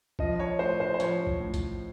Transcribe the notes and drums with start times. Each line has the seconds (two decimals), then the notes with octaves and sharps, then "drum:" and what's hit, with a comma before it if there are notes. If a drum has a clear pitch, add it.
0.19 F3 D#5, drum: kick A#1
0.40 C#5
0.59 A2 C5
0.80 C5
0.94 C5
1.00 F3 C#5, drum: hi-hat
1.27 drum: kick A#1
1.40 A2
1.54 drum: kick A#1, hi-hat